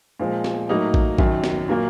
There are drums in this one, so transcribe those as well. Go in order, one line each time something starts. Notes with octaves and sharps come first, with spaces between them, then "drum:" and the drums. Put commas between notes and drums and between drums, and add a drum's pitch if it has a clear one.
A#2 F3 G#3
drum: snare B3
A2 F#3 A#3 D#4
drum: kick A#1
F#2 D#3 F#3, drum: kick A#1
drum: snare B3
A#2 F#3 A#3